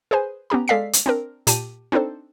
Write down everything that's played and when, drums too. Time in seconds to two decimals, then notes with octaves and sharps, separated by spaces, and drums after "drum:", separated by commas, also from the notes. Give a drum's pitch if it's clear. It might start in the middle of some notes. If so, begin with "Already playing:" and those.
0.11 G#4 B4 C5 G#5
0.50 B3 C#4 G4 A#5
0.68 G#3 A4 D5 F5 B6 C7
0.93 drum: hi-hat
1.06 C4 D4 A#4
1.47 A#2 G4 A5 D#7, drum: hi-hat
1.92 C4 D4 D#4 A4 C5